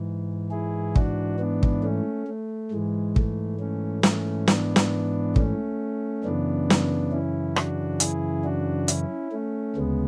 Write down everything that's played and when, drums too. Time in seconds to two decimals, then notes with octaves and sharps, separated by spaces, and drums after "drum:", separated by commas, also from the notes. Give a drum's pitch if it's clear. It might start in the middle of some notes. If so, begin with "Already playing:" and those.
Already playing: G#2 E3
0.51 E4 G#4
0.96 D4 F#4, drum: kick
1.39 B3 D4
1.63 drum: kick
1.83 A3 C#4
2.27 A3
2.71 G#2 E3 G#3
3.16 A3, drum: kick
3.60 A3 C#4
4.03 A3 C#4, drum: snare
4.48 B3 D4, drum: snare
4.76 drum: snare
5.36 A3 C#4, drum: kick
6.24 F#2 C#3 E3 B3 D4
6.70 drum: snare
7.12 C#4 E4
7.56 D4 F#4, drum: rim click
8.00 E4 G#4, drum: hi-hat
8.44 D4 F#4
8.88 C#4 E4, drum: hi-hat
9.32 A3 C#4
9.76 D2 C#3 G#3 B3